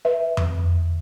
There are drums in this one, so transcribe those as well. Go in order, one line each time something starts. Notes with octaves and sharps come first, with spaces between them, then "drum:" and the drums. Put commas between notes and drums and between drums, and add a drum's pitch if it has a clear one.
B4 E5
drum: tom F2